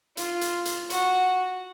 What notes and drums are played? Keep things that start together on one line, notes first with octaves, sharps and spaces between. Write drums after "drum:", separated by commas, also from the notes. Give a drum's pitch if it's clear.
F4, drum: hi-hat
drum: hi-hat
drum: hi-hat
F#4, drum: hi-hat